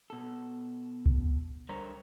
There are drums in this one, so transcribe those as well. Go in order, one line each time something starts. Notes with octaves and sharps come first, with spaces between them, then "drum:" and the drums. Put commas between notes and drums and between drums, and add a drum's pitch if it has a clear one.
B2 A4
drum: kick C#2
D3 G3 A#4 C5 C#5 A#5